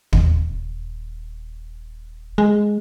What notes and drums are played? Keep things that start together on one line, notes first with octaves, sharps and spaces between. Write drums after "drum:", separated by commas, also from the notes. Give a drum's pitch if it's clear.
D#1, drum: kick
G#3